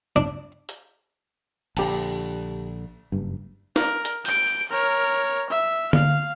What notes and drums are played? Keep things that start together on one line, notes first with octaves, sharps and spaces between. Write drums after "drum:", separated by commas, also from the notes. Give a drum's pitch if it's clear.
D4
drum: hi-hat
A#1 D3 G4 A5, drum: cymbal
F#1 G2
A#4, drum: snare
drum: hi-hat
G6 D7, drum: cymbal
drum: tambourine
A#4 C#5
E5
F5, drum: tom D3